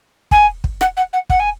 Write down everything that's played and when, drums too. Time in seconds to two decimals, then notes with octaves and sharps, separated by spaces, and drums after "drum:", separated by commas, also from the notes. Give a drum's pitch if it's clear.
0.31 G#5, drum: kick
0.64 drum: kick
0.81 F#5, drum: rim click
0.97 F#5
1.13 F#5
1.30 F#5, drum: kick
1.39 G#5